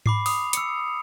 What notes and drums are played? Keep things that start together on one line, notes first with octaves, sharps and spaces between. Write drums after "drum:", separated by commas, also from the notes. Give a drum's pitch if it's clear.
B5 D6 C7, drum: tom G#2
D#6, drum: open hi-hat
E6 C#7, drum: hi-hat
E6